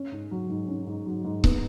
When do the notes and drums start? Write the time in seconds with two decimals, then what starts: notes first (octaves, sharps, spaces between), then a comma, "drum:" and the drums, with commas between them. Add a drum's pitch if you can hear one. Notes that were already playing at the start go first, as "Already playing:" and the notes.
Already playing: C#4
0.12 G#2
0.31 F#3
0.49 G#2
0.68 C#4
0.87 G#2
1.06 F#3
1.24 G#2
1.44 B3, drum: kick C#1